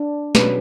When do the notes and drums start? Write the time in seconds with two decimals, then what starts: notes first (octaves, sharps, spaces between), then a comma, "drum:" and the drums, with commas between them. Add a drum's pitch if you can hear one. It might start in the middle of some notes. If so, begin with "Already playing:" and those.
Already playing: D4
0.35 B2 F#3 A3 C#4 B4, drum: snare